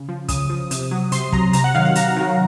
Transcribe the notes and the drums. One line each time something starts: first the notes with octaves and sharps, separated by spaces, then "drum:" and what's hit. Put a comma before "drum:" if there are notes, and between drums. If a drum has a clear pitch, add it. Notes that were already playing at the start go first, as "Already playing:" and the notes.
Already playing: C#3
F3
C#3 D#6, drum: kick, hi-hat
F3
C3, drum: hi-hat
F#3
C3 C6, drum: hi-hat
F#3 A#5, drum: kick
C3 A#5, drum: hi-hat
F#5
D#3 F#3 F5
F#5
C3 A#5, drum: hi-hat
D#3 F#3